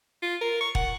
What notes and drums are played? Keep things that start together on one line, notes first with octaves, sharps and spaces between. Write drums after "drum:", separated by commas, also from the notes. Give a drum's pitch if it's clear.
F4
A#4
C#6
F#5, drum: kick E1